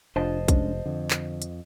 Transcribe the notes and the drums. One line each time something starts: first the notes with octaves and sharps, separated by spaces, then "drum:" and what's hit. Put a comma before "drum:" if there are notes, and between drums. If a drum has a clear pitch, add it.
F1 D4 F4 C5 D#5 A5
G#3 C#4 D4, drum: kick A#1, hi-hat
F2 D3
drum: clap
drum: hi-hat